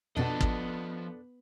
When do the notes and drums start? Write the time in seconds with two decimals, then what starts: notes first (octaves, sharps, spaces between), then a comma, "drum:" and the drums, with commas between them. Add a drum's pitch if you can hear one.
0.16 F2 B2 F3 B3 D4 F#4 A4 D#5
0.41 drum: kick